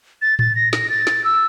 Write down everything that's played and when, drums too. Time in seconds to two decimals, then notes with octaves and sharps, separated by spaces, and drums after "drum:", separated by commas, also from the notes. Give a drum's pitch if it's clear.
0.22 A6
0.39 A6, drum: tom A2
0.56 A#6
0.73 A#6, drum: snare
0.89 A6
1.07 drum: snare
1.24 E6